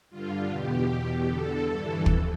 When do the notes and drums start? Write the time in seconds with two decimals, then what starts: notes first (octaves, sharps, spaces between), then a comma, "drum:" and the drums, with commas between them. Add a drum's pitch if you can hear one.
0.10 G2 D3 F4
0.49 E2 B2 G4
0.89 E2 B2 G4
1.28 E2 D3 A4
1.67 G2 E3
2.06 F2, drum: kick